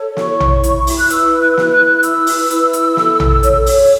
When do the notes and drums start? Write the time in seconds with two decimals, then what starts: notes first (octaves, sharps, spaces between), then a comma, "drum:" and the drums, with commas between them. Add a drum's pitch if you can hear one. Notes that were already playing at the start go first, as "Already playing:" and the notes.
Already playing: A4 C#5
0.17 E4 C#6, drum: snare
0.40 drum: tom A#1
0.63 E4, drum: hi-hat
0.87 drum: open hi-hat
0.99 F#6
1.10 B4 E6, drum: hi-hat
1.41 F#6
1.52 E6
1.57 E4 F#6, drum: snare
1.73 F#6
2.03 B4 E6, drum: hi-hat
2.27 drum: open hi-hat
2.50 E4, drum: hi-hat
2.73 drum: hi-hat
2.97 A4, drum: snare
3.20 drum: tom A#1
3.43 C#5, drum: hi-hat
3.66 drum: open hi-hat